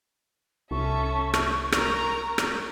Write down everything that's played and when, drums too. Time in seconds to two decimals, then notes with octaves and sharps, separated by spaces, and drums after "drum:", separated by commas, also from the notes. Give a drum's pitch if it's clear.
0.71 C2 C#4 A4 E5 C#6
1.34 drum: rim click
1.72 A#4 A#5, drum: rim click
2.38 drum: rim click